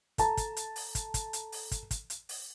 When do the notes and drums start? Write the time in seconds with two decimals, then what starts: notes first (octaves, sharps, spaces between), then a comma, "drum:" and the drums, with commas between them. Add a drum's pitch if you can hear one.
0.18 A4 A5 A#5, drum: kick, hi-hat
0.37 drum: kick, hi-hat
0.57 drum: hi-hat
0.76 drum: open hi-hat
0.95 drum: kick, hi-hat
1.14 drum: kick, hi-hat
1.33 drum: hi-hat
1.52 drum: open hi-hat
1.71 drum: kick, hi-hat
1.91 drum: kick, hi-hat
2.10 drum: hi-hat
2.29 drum: open hi-hat